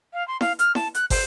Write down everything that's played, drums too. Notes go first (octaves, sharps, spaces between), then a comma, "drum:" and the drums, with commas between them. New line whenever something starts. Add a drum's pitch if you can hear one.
F5
C6
F5, drum: snare E4
F6, drum: hi-hat
A5, drum: snare E4
F#6, drum: hi-hat
C5, drum: kick, open hi-hat